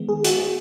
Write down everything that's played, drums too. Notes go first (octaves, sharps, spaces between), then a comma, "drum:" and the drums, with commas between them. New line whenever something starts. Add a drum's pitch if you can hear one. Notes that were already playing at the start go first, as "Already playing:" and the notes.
Already playing: D#3 G#3 B3
G#4
F#4, drum: hi-hat
G#4